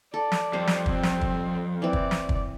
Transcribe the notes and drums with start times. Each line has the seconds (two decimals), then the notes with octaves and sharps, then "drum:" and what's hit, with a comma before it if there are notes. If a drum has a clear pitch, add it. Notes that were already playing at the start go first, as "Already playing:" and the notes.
0.14 A4 D5
0.32 drum: snare
0.53 F2 G3 C5
0.67 drum: snare
0.86 C4, drum: kick
1.03 drum: snare
1.21 drum: kick
1.82 E3 C4 D5
1.93 drum: kick
2.11 drum: snare
2.29 drum: kick